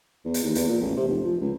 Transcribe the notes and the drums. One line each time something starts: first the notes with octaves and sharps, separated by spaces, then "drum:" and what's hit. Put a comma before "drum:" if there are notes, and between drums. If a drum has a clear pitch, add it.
E2
drum: hi-hat
D#2
E2, drum: hi-hat
A#2
A1
C3
F1
F3
C#2